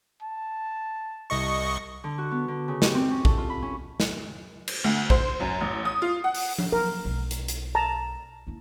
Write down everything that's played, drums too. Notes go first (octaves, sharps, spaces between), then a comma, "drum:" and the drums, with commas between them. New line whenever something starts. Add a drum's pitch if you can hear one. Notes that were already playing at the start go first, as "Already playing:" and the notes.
A5
C2 D#5 C#6
D3
F#4
B3
D3
C#3
G4, drum: snare
C4
C#4
A4, drum: kick
F4
B5
C#4
drum: snare
drum: cymbal
D2
C5, drum: kick
F#2
A1
D#6
F4
F#5
drum: open hi-hat
drum: tom F3
F#3 A#4
B1 G#3
drum: hi-hat
drum: hi-hat
A5 A#5
A#3 E4